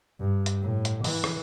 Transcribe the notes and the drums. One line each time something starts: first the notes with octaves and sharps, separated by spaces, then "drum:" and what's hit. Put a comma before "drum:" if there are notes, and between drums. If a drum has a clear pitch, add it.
G2
drum: hi-hat
A2
drum: hi-hat
E3, drum: open hi-hat
drum: rim click